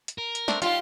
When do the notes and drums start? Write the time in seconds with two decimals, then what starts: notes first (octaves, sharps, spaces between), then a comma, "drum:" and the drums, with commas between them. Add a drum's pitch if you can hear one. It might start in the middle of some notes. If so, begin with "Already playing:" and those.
0.08 drum: hi-hat
0.18 A#4
0.35 drum: hi-hat
0.48 A3 C4 D4, drum: snare
0.62 D#3 G3 G#3 F4 G4, drum: hi-hat